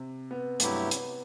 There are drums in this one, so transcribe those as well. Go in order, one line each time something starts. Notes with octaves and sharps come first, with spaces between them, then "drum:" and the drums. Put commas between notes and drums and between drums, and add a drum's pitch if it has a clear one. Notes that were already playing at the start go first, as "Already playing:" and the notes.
Already playing: C3
B3
G2 F#3 A3 B3 E4 G4, drum: hi-hat
drum: hi-hat